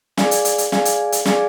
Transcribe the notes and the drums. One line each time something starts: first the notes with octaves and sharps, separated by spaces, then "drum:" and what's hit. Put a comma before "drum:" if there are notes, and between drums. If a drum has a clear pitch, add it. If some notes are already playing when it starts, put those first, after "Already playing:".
G#4 D5 F5 G#5, drum: snare
drum: hi-hat
drum: hi-hat
drum: hi-hat
G#4 D5 F5 G#5, drum: snare
drum: hi-hat
drum: hi-hat
G#4 D5 F5 G#5, drum: snare